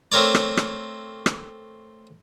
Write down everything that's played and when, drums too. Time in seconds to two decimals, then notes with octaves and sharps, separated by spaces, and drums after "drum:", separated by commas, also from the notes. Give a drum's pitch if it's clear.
0.12 A3 C4 A#4 C#5 D5
0.35 drum: rim click
0.57 drum: rim click
1.26 drum: rim click